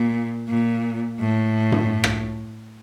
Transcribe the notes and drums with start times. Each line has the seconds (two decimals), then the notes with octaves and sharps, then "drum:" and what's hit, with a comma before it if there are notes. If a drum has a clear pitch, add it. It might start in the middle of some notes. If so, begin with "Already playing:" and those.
Already playing: A#2
0.49 A#2
1.20 A2
1.72 drum: tom G2
2.04 drum: rim click